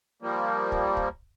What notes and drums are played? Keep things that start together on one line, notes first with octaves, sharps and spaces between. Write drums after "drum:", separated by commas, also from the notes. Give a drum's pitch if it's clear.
F3 G3 A#3
drum: kick
drum: kick